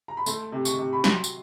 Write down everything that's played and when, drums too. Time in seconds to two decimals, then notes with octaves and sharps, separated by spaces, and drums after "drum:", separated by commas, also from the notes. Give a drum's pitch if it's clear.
0.08 A#5
0.17 B5
0.26 A3 C6, drum: tambourine
0.52 C3
0.65 C#6, drum: tambourine
0.78 C3
0.93 B5
1.04 F#3 C6, drum: snare
1.24 drum: tambourine